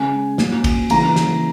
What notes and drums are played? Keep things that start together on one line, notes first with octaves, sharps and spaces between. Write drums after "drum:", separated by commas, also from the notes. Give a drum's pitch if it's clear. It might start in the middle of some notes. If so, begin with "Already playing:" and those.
Already playing: C#3 G#3 C#4 G#5
A#2 F#3 C#4, drum: snare
drum: kick, cymbal
C#3 E3 A#3 C#4 A#5, drum: cymbal
drum: snare